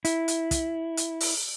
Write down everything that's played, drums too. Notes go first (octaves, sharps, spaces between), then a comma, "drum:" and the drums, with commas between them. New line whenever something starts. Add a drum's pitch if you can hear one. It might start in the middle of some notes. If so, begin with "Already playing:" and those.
E4, drum: hi-hat
drum: hi-hat
drum: kick, hi-hat
drum: hi-hat
drum: open hi-hat